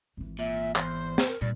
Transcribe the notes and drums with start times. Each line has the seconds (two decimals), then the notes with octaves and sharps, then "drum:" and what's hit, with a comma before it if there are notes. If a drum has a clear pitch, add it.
0.17 G#1 E3
0.39 A#2 E5
0.76 E2 C5, drum: clap
1.18 drum: snare
1.28 A#4
1.41 G2 A#2 D5